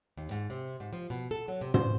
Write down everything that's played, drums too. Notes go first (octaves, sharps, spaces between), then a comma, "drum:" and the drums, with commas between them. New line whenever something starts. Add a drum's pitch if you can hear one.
D#2
G#2
C3
G#2
F3
B2
A4
F#3
C3
C5, drum: tom